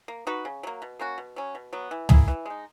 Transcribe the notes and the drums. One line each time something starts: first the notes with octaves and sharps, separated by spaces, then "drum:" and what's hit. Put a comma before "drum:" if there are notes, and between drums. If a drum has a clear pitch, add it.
A#3
D#4 F#4 B4
C#3
F#3 A#3
B2
A#3 C#4 F#4
B2
F#3 C#4
B2
F#3 B3
E3
A#3 E4 G#4, drum: tom
E3
G#3 D#4